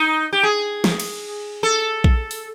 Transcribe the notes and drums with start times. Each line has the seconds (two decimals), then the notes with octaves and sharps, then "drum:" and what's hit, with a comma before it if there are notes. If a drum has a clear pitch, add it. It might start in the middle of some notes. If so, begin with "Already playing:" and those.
Already playing: D#4
0.33 G4
0.43 G#4
0.84 drum: snare
1.00 drum: cymbal
1.63 A4
2.04 drum: kick A#1
2.31 drum: open hi-hat